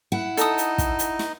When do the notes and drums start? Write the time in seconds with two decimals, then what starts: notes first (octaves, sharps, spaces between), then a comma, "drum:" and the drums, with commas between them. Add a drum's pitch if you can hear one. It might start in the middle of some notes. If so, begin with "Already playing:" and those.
0.12 E4 F#5
0.37 D#4 A4 D#5 D#6, drum: hi-hat
0.58 drum: hi-hat
0.78 drum: kick, hi-hat
0.99 drum: hi-hat
1.19 drum: snare